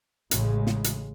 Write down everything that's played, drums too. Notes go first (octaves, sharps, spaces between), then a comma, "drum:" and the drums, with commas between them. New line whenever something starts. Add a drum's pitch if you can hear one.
A1 C#3 G#3, drum: hi-hat
drum: snare
drum: hi-hat